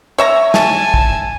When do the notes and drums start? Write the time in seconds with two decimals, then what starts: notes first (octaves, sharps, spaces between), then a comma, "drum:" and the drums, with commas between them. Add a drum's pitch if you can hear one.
0.18 C#5 E5 A#5
0.54 G#5 A5, drum: snare
0.94 drum: kick